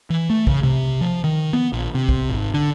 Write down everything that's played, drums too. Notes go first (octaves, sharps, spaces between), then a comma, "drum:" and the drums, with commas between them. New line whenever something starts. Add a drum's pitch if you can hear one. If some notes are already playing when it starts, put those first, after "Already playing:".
E3
A3
C#3, drum: kick
C3
F3
D#3
B3
A#1
C3
drum: kick
G#1
D3